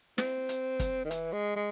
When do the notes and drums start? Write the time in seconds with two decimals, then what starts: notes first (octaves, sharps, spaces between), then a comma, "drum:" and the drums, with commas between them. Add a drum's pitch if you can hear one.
0.18 C4, drum: snare
0.49 drum: hi-hat
0.80 drum: kick, hi-hat
1.05 D#3
1.11 E3, drum: hi-hat
1.33 G#3
1.56 G#3